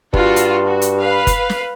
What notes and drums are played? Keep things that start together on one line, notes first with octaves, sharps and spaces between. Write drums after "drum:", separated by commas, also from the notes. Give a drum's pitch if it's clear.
G2 F4 F#4 A4, drum: kick
drum: hi-hat
F#4
drum: hi-hat
B4 F5
drum: kick, hi-hat
drum: snare